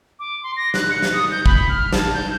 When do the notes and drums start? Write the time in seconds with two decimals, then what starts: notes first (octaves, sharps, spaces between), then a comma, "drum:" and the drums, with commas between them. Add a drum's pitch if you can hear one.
0.19 D6
0.43 C6
0.57 A#6
0.74 F#6, drum: snare
0.91 C#7
1.02 drum: snare
1.13 D#6
1.31 G6
1.46 B5, drum: kick
1.69 F6
1.93 A5, drum: snare
2.14 G6